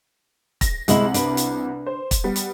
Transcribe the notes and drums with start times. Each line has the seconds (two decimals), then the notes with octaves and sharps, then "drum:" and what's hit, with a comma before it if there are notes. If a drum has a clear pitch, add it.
0.61 A#6, drum: kick, hi-hat
0.88 C2 C3 G#3 E4 F#7, drum: hi-hat
1.14 D4 B4, drum: hi-hat
1.37 drum: hi-hat
1.86 C5
2.11 drum: kick, hi-hat
2.24 G3 B3
2.36 drum: hi-hat